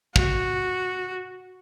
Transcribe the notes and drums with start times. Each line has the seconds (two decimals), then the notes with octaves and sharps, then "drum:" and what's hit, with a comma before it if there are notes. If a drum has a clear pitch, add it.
0.16 F#4, drum: kick